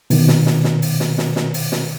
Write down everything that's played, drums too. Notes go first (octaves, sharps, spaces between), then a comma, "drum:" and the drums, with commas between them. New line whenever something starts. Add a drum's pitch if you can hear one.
B2 D#3, drum: open hi-hat
drum: snare
drum: snare
drum: snare
drum: open hi-hat
drum: snare
drum: snare
drum: snare
drum: open hi-hat
drum: snare